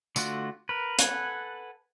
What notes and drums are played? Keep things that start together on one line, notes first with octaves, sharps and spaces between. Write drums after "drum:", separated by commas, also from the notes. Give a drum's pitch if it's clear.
D3 A3 F4 F#4, drum: tambourine
A#4 B4
A4 B4 F#5 G#5, drum: hi-hat